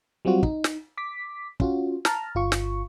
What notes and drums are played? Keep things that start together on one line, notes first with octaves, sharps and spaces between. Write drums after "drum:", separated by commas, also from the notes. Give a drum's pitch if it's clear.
F#3 G3 C4 F4 F#4
D#4, drum: kick
drum: snare
D6 B6
C#4 F4 F#4, drum: kick
A5 A#5 F6, drum: snare
G1 F4 C#6
drum: snare